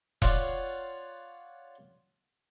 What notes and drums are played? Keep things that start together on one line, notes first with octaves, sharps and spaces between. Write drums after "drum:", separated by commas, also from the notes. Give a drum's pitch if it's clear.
F4 C#5 D5 F5 F#5, drum: kick E1